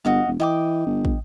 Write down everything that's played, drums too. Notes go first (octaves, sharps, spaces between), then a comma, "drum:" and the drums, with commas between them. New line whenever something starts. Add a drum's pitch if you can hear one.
G1 F#4 D#5 F5
E1
E3 D#5 G5 D6
G1
drum: kick